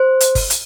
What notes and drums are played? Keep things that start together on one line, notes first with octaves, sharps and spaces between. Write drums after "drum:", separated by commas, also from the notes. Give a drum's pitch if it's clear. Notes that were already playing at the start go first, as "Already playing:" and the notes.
Already playing: C5
drum: hi-hat
drum: kick G1, open hi-hat
drum: hi-hat